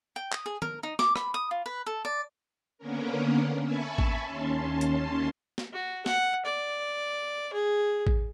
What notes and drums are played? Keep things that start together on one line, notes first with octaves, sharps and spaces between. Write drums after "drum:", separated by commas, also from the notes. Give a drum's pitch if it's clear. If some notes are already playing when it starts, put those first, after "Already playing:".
G5
D#6, drum: clap
G#4
A#4, drum: tom
D#4
D6, drum: snare
B5, drum: rim click
D#6
F4
B4
A4
D5
D3 A#3 B3 C#4 A#4
E5 G#5 A5 B5 C#6
drum: kick A1
D#2 C#4 A5 C6
drum: hi-hat
drum: snare
F#4
F#5, drum: snare
D5
G#4
drum: kick A1